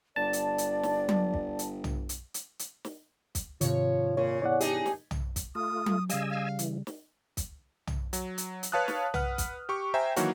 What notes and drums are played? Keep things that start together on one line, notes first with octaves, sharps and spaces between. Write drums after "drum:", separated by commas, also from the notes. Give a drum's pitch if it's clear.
G1 D5 A5
drum: hi-hat
drum: hi-hat
drum: snare
drum: tom F#3
drum: kick
drum: hi-hat
drum: tom
drum: hi-hat
drum: hi-hat
drum: hi-hat
drum: snare
drum: kick, hi-hat
G#2 C3 D#3 F3 C#5, drum: hi-hat
A#2 C#3 C#5
E2 C#5 D5 F#5
D4 D#4 G4 G#4, drum: hi-hat
drum: snare
drum: tom
drum: kick, hi-hat
A3 F4 D#6
drum: tom F#3
C#3 G3 D#5 F5 G#5 E6, drum: hi-hat
F5
E3, drum: hi-hat
drum: snare
drum: kick, hi-hat
drum: tom
F#3, drum: hi-hat
drum: hi-hat
drum: hi-hat
B4 C#5 F5 A5 D#6 F#6
drum: snare
B4 F#5 F6, drum: tom
drum: kick, hi-hat
G4 C#6
C5 E5 G5 G#5 A#5
D#3 E3 F#3 A#3 F#4 C#5, drum: hi-hat